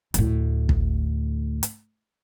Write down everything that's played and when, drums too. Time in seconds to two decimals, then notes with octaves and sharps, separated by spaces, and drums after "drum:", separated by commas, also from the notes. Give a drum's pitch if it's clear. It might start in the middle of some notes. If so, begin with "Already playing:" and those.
0.14 D2 A2, drum: hi-hat
0.69 drum: kick
1.63 drum: hi-hat